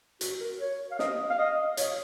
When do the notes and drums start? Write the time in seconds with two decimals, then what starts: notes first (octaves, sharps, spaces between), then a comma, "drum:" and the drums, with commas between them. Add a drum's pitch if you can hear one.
0.21 F#4, drum: hi-hat
0.40 A#4
0.60 C#5
0.91 F5
0.99 D#5, drum: snare
1.30 F5
1.38 D#5
1.77 C#5, drum: hi-hat